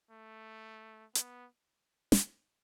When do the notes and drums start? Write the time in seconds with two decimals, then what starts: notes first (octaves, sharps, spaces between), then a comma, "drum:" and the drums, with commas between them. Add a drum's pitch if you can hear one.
0.11 A3
1.15 B3, drum: hi-hat
2.12 drum: snare